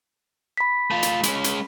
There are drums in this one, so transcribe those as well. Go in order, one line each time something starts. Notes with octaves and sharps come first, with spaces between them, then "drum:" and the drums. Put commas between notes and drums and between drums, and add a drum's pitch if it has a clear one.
B5 B6
A3 F4
drum: hi-hat
G#3 C#4, drum: hi-hat
drum: hi-hat